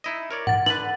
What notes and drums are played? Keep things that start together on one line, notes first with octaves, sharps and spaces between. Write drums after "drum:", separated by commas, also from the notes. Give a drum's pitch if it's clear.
D#4 E4 D#5
A#4 C#5 D5
F#5 A6, drum: tom G#2
D3 B4 F#7, drum: snare